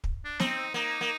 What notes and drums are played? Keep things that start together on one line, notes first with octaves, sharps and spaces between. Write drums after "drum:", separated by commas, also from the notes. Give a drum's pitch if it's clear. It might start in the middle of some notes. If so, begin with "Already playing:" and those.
drum: kick
D4
C4 D#4, drum: snare
A#3 D#4
A#3